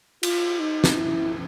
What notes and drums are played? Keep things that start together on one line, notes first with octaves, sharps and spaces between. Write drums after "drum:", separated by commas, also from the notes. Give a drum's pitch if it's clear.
F4, drum: cymbal
D#4
drum: snare
E4